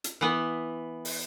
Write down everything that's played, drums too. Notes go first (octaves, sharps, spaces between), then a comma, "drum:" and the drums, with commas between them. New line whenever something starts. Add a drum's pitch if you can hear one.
drum: hi-hat
E3 B3
drum: open hi-hat